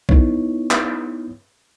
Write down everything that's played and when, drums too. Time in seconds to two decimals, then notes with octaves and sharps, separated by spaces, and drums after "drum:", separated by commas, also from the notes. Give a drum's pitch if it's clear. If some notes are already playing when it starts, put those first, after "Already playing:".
0.09 B3 D#4 E4 C#5, drum: kick
0.71 drum: clap